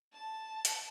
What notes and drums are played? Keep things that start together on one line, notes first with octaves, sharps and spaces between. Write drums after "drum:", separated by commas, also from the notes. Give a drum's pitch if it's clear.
A5
drum: hi-hat